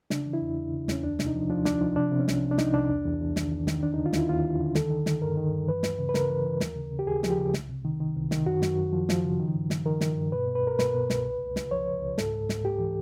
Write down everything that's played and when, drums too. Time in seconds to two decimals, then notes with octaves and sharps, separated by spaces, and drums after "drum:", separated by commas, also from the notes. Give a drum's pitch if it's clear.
0.10 C#3 D4, drum: snare
0.26 E3
0.33 E4
0.42 E2
0.57 E2
0.72 C#3
0.88 E2 C#4, drum: snare
1.03 D2 D4
1.19 C3, drum: snare
1.27 D#4
1.35 F3
1.50 F3 D4
1.65 D2 D4, drum: snare
1.81 F3 D#4
1.96 C3 D4
2.11 C3
2.19 C#4
2.28 C2, drum: snare
2.43 C3
2.51 D4
2.58 C2 D#4, drum: snare
2.73 C2 D4
2.89 E2
3.05 E2
3.20 E2
3.36 D#3, drum: snare
3.51 E2
3.67 D#3, drum: snare
3.82 D#2 D4
3.94 D#4
3.98 D3
4.06 F4
4.13 D#2 E4, drum: snare
4.29 D#2 F4
4.44 D#2
4.59 D3
4.75 D#3 A4, drum: snare
4.91 D#3
5.06 D#3, drum: snare
5.22 G2 A#4
5.37 D#3
5.53 G2
5.67 E3 B4
5.83 D2, drum: snare
5.99 C#3
6.09 B4
6.14 C#3 A#4, drum: snare
6.30 E3
6.45 E3
6.60 D#2, drum: snare
6.76 C#3
6.92 C#3
6.99 G4
7.07 D#2 G#4
7.23 F3, drum: snare
7.30 G4
7.38 C#3
7.54 C2, drum: snare
7.69 C3
7.85 D#3
8.00 D#3
8.16 C2
8.31 D#3, drum: snare
8.46 F#2 F#4
8.62 F#2, drum: snare
8.77 F#2
8.93 F3
9.09 F3, drum: snare
9.24 C#3
9.40 D#3
9.55 G2
9.70 D#3, drum: snare
9.86 D#3 A#4
10.01 D#3, drum: snare
10.17 G2
10.32 B2 B4
10.48 B2
10.55 B4
10.63 C2 A#4
10.79 B2 B4, drum: snare
10.95 B2
11.10 C2, drum: snare
11.25 C#2
11.40 C#2
11.56 C#2, drum: snare
11.71 F3 C#5
11.87 C#2
12.02 C#2
12.18 G#2 A4, drum: snare
12.33 G#2
12.49 G#2, drum: snare
12.64 G#2 G4
12.79 E3